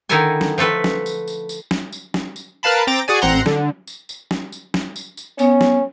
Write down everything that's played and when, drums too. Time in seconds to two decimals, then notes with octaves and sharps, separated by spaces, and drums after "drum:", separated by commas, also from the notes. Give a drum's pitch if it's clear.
0.09 D3 D#3 D#4 E4 A4 G#5
0.41 drum: snare
0.58 F3 A3 A4 B4
0.84 drum: snare
1.06 drum: tambourine
1.28 drum: tambourine
1.49 drum: tambourine
1.71 drum: snare
1.93 drum: tambourine
2.14 drum: snare
2.36 drum: tambourine
2.63 A#4 B4 F5 A5 B5
2.87 C4 G5 A#5 D6 A6
3.08 F#4 G#4 D5 G#5
3.22 A1 C4 F#5 A#5 C6, drum: tambourine
3.46 D3, drum: snare
3.87 drum: tambourine
4.09 drum: tambourine
4.31 drum: snare
4.52 drum: tambourine
4.74 drum: snare
4.96 drum: tambourine
5.17 drum: tambourine
5.39 B3 C#4, drum: tambourine
5.61 drum: snare